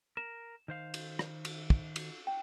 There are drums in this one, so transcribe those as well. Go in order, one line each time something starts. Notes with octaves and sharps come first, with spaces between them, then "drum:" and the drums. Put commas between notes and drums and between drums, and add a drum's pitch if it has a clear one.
A#4 E7
D#3 C5 F5
drum: cymbal
drum: rim click
drum: cymbal
drum: kick
drum: cymbal
G5